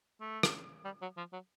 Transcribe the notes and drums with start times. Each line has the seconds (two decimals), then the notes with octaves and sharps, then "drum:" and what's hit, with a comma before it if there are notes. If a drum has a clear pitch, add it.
0.21 A3
0.43 drum: rim click
0.85 G3
1.01 F#3
1.17 F3
1.33 F#3